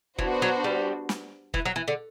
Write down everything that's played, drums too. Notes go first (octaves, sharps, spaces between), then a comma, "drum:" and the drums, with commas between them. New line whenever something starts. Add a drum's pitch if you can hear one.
E3 B3 D4 F#4 C5, drum: kick
F#3
G3
drum: snare
E3, drum: kick
F#3
E3
D3